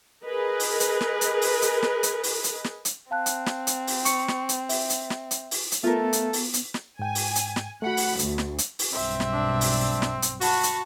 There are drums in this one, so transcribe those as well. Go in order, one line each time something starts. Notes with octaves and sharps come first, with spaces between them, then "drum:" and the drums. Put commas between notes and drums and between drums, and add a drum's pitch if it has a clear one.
G#4 A#4 B4 D#5
drum: open hi-hat
drum: hi-hat
drum: snare
drum: hi-hat
drum: open hi-hat
drum: hi-hat
drum: snare
drum: hi-hat
drum: open hi-hat
drum: hi-hat
drum: snare
drum: hi-hat
C4 F5 A5 F#6
drum: hi-hat
drum: snare
drum: hi-hat
drum: open hi-hat
C#6 C#7, drum: hi-hat
drum: snare
drum: hi-hat
E5, drum: open hi-hat
drum: hi-hat
drum: snare
drum: hi-hat
drum: open hi-hat
drum: hi-hat
A3 B3 F4 A4 A#4
drum: hi-hat
drum: open hi-hat
drum: hi-hat
drum: snare
G#2 G5 G#5
drum: open hi-hat
drum: hi-hat
drum: snare
A3 F#4 F#5 B5
drum: open hi-hat
D2, drum: hi-hat
drum: snare
drum: hi-hat
drum: open hi-hat
B1 G2 C4 E5
drum: snare
D4
drum: open hi-hat
drum: snare
drum: hi-hat
F#4 A5 B5, drum: open hi-hat
drum: hi-hat